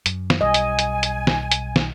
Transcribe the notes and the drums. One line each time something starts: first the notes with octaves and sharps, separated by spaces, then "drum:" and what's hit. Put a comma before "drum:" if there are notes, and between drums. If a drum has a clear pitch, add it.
F#2, drum: hi-hat
drum: snare
B1 G3 D#5 G#5
drum: hi-hat
drum: hi-hat
drum: hi-hat
drum: snare
drum: hi-hat
drum: snare